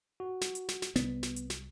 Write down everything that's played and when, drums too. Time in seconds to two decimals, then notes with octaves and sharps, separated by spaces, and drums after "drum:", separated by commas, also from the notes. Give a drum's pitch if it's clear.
0.20 F#4
0.41 drum: snare
0.55 drum: hi-hat
0.69 drum: snare
0.82 drum: snare
0.96 C2 B3, drum: snare
1.23 drum: snare
1.36 drum: hi-hat
1.50 drum: snare